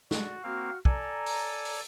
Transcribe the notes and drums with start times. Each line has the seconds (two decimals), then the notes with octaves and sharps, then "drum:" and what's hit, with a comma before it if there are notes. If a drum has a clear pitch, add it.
0.11 F#4 D5, drum: snare
0.44 A#3 C4 F#4 F5 F6
0.85 A4 D5 G#5 A#5, drum: kick
1.26 drum: open hi-hat
1.65 drum: open hi-hat